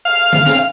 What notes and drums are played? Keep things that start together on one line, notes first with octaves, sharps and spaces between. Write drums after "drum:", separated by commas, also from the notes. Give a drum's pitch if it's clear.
F5
drum: tom
drum: snare